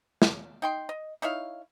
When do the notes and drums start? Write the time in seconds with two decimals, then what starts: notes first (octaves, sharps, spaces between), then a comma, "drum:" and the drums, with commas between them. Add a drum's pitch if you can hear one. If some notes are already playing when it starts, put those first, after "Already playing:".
0.22 drum: snare
0.62 D#4 G5 C6
0.89 D#5
1.22 D#4 E4 C#5 F5